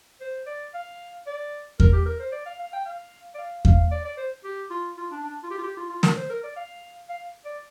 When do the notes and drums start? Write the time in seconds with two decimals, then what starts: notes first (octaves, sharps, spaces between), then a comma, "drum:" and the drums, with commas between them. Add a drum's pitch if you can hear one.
0.21 C5
0.46 D5
0.74 F5
1.26 D5
1.80 A#4, drum: kick E2
1.93 G4
2.06 A#4
2.19 C5
2.32 D5
2.45 F5
2.59 F5
2.73 G5
2.85 F5
3.35 D5
3.38 F5
3.65 F5, drum: kick E2
3.91 D5
4.05 D5
4.17 C5
4.44 G4
4.70 F4
4.97 F4
5.11 D4
5.24 D4
5.43 F4
5.50 G4
5.58 F4
5.63 G4
5.77 F4
5.90 F4
6.03 A#4, drum: snare
6.16 C5
6.29 A#4
6.43 D5
6.56 F5
7.09 F5
7.45 D5